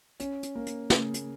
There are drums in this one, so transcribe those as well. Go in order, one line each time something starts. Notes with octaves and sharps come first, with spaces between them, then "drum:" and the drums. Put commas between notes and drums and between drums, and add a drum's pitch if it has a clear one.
C#4, drum: hi-hat
drum: hi-hat
A#3
drum: hi-hat
C#3, drum: snare
drum: hi-hat